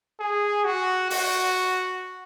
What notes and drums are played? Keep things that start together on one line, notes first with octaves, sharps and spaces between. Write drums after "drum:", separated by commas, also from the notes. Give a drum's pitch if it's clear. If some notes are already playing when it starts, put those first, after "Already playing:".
G#4
F#4
F#4, drum: open hi-hat